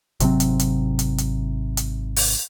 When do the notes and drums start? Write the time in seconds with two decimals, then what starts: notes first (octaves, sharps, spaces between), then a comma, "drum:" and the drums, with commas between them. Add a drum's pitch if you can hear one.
0.20 G#1 C3 F#3 C4, drum: hi-hat
0.40 drum: hi-hat
0.59 drum: hi-hat
0.99 drum: hi-hat
1.18 drum: hi-hat
1.77 drum: hi-hat
2.16 drum: open hi-hat